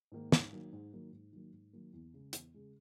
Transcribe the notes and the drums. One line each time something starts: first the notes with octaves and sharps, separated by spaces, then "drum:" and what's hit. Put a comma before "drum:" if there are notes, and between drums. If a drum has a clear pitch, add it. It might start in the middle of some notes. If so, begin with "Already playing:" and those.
G#2 D#3 A#3
G#2, drum: snare
D#3 F#3 A#3
G#2
D#3 F#3 A#3
G#2
D#3 F#3 A#3
G#2
D#3 F#3 A#3
E2
C#3 G#3
E2, drum: hi-hat
C#3 G#3